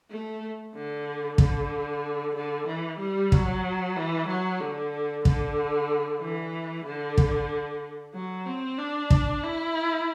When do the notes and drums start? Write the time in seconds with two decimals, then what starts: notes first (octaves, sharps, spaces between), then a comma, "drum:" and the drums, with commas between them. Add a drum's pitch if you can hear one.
0.11 A3
0.74 D3
1.38 D3, drum: kick
2.35 D3
2.67 E3
2.99 G3
3.32 F#3, drum: kick
3.96 E3
4.28 F#3
4.60 D3
5.25 D3, drum: kick
6.21 E3
6.85 D3
7.18 drum: kick
8.14 F#3
8.46 C4
8.78 D4
9.10 drum: kick
9.43 E4